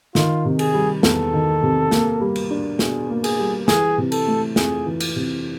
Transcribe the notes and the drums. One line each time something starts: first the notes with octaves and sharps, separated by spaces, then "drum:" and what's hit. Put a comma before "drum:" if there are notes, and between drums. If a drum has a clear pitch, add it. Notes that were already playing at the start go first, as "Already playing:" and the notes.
D#3 F4, drum: snare
C3
G#4, drum: cymbal
G3
E2 A4, drum: snare
D#3
C3
A#3, drum: snare
G3
drum: cymbal
D4
B2 G#4, drum: snare
A#3
G#4, drum: cymbal
G3
E3 G#4, drum: snare
C3
A4, drum: cymbal
A3
F2 G#4, drum: snare
E3
drum: cymbal
C3